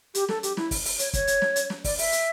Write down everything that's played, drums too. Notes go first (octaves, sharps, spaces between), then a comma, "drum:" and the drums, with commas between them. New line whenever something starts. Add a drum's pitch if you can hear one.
G4, drum: hi-hat
A4, drum: snare
G4, drum: hi-hat
E4, drum: snare
drum: kick, open hi-hat
drum: open hi-hat
C#5, drum: hi-hat
C#5, drum: kick, hi-hat
drum: hi-hat
drum: snare
drum: hi-hat
drum: snare
D5, drum: kick, open hi-hat
E5, drum: open hi-hat
drum: hi-hat